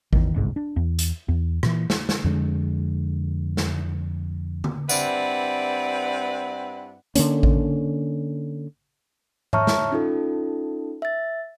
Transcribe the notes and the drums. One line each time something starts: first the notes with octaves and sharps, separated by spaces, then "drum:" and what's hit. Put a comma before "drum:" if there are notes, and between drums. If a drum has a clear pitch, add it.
E2 D#3, drum: kick A1
G1 C2 G#2
D4
E2
drum: hi-hat
E2
A#2 E3, drum: rim click
drum: snare
drum: snare
F2 D3 G#3
drum: snare
drum: tom D3
G2 C4 E4 B4 D5 F#5, drum: tambourine
D3 E3 A#3 C#4, drum: hi-hat
drum: kick A1
C#5 E5 A5 A#5 C#6 F6, drum: tom G#2
drum: snare
C#4 D#4 F4 A4
E5 A6